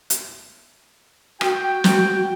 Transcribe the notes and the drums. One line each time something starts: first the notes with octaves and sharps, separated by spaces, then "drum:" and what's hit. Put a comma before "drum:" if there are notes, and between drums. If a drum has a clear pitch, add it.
drum: hi-hat
F#4 G5, drum: rim click
drum: snare